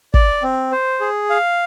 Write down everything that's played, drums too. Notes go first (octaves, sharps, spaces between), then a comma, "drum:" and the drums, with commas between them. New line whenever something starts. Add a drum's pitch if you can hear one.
D5, drum: kick
C4
C5
G#4
F5